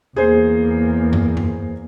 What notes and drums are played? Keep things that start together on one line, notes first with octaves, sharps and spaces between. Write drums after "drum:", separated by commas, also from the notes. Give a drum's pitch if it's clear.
E2 A#3 G#4 C5
drum: tom F#2
drum: tom F#2